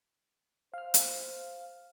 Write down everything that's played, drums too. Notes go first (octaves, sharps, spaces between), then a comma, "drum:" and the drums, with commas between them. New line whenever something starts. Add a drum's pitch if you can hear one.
C5 F5 F6
drum: hi-hat